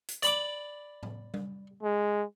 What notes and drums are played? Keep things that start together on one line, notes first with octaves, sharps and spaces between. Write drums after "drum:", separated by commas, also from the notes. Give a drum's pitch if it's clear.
drum: hi-hat
D5 B5 D6, drum: hi-hat
drum: tom
drum: tom G3
G#3